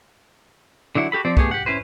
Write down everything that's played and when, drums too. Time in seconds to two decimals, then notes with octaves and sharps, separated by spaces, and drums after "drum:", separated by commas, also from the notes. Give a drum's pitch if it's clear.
0.95 D3 F#3 E4 F#5
1.12 F#4 G4 A4 B5
1.25 F3 C4 D5
1.37 A3 B3 G4 G#4, drum: kick
1.51 G4 F#5
1.66 C#4 E4 B4 C5